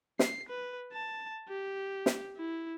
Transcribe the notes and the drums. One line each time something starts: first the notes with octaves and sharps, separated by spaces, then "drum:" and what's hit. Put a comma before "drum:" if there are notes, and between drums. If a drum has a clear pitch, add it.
C7, drum: snare
B4
A5
G4
drum: snare
E4